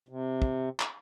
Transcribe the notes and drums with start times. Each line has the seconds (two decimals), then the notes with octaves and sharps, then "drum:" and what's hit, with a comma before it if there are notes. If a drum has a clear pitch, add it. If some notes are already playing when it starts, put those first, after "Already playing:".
0.08 C3
0.42 drum: kick
0.80 drum: clap